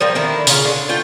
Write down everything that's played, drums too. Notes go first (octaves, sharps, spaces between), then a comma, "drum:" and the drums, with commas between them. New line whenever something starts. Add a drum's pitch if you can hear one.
F3 G3 A#3
D3 D#3 A#3 E4
C#3 F4 F5, drum: open hi-hat
D3
A3 F4 G5